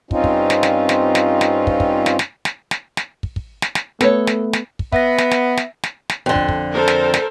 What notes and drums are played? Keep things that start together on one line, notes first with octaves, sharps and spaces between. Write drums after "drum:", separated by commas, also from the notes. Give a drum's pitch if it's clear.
G2 C4 C#4 D#4 F4, drum: kick
drum: kick
drum: snare
drum: snare
drum: snare
drum: snare
drum: snare
drum: kick
drum: kick
drum: snare
drum: snare
drum: snare
drum: snare
drum: snare
drum: kick
drum: kick
drum: snare
drum: snare
A3 B3 A4 C#5, drum: snare
drum: snare
drum: snare
drum: kick
B3 E5 A#6, drum: kick
drum: snare
drum: snare
drum: snare
drum: snare
drum: snare
F2 D3
drum: kick
drum: kick
A4 A#4 C5
drum: snare
drum: snare